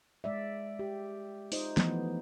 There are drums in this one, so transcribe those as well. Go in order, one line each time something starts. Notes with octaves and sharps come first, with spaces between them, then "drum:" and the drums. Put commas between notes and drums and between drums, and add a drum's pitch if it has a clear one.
G#3 D5 E5
G4
D#4 F4 C5 D#5, drum: open hi-hat
E3 F3 A3 B3, drum: snare